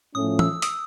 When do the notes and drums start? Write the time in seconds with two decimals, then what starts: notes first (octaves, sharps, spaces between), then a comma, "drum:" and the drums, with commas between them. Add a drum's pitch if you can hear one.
0.15 A2 F3 A3 C#4 D#6
0.39 E6, drum: tom
0.62 D#6, drum: hi-hat